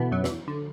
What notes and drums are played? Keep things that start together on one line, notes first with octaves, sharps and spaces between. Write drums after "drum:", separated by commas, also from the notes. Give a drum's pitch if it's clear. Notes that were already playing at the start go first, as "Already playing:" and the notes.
Already playing: B2 D3 E3 B3 E4
F#2 F#3
E2 E3, drum: snare
D3